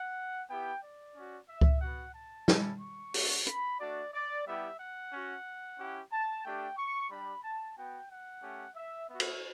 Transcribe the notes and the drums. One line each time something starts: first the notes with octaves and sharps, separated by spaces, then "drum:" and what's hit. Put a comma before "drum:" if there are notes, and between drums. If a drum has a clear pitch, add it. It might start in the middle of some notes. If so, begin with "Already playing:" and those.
Already playing: F#5
B3 E4 G4 G5
D5
C#4 F#4
E5
drum: kick C#2
B3 F#4 F#5
A5
G3 C#4 E4, drum: snare
C#6
A3 D4 F#4, drum: open hi-hat
B5, drum: hi-hat
A3 D4 F#4 D5
D5
G3 B3 E4 G4 E5
F#5
C#4 F#4
C#4 E4 G4
A5
A3 D4 G4 G5
C#6
G3 D4 G4 B5
A5
B3 F#4 G5
F#5
A3 C#4 G4
E5
B3 F#4 E5
drum: cymbal